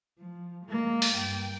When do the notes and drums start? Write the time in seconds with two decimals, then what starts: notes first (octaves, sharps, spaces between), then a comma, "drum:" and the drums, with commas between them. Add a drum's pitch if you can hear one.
0.18 F3
0.65 G#3 A#3
1.02 drum: open hi-hat
1.14 G2 G5